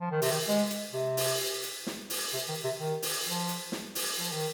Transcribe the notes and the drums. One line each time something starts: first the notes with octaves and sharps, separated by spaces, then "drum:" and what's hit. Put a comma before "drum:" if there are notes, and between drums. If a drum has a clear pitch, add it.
F3
D#3
C3, drum: open hi-hat
D#3
G#3
drum: hi-hat
C3
drum: open hi-hat
drum: hi-hat
drum: snare
drum: open hi-hat
C3
D#3
C3
D#3
drum: open hi-hat
F3
drum: hi-hat
drum: snare
drum: open hi-hat
F3
D#3